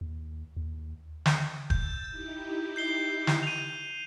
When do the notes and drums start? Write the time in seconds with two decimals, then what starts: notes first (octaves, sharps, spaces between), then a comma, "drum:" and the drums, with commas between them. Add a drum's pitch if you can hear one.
0.01 D#2
0.56 D#2
1.26 drum: snare
1.70 E6 G6 A6, drum: kick E1
2.09 D#4 E4 G4
2.76 G6 C7 G7
3.27 drum: snare
3.43 D#7 F7